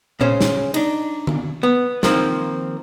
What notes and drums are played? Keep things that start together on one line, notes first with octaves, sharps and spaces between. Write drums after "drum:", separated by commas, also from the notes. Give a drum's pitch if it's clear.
C#3 C#4 C5, drum: tom A#2
drum: snare
D4 D#4, drum: cymbal
drum: tom D3
B3
D#3 F3 A#3 C4, drum: snare